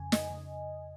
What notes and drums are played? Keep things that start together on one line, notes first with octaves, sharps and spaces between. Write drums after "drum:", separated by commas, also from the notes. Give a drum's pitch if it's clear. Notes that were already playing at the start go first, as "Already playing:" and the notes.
Already playing: F2 C#3 G#5
F2 D#5, drum: snare
C#3